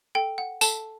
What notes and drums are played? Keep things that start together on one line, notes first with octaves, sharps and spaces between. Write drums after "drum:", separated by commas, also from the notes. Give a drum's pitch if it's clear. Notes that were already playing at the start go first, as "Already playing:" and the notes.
A4 G5
F#5
A4 A5, drum: tambourine